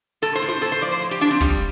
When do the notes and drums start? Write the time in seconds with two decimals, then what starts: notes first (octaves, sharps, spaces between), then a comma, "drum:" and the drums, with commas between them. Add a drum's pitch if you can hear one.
0.22 A2 A4, drum: hi-hat
0.35 C5
0.42 A2
0.49 C5, drum: snare
0.61 A2 A4
0.72 C5
0.82 F3 D5
0.91 C5
1.02 A2, drum: hi-hat
1.11 G4
1.21 F3 D4
1.31 C4, drum: hi-hat
1.40 F3 G3, drum: kick
1.54 drum: hi-hat